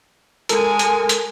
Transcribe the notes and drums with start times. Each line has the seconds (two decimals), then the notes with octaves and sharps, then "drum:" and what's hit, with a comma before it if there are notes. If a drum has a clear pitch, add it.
0.49 G#3 A4 A#4 G#5, drum: hi-hat
0.79 drum: hi-hat
1.09 drum: hi-hat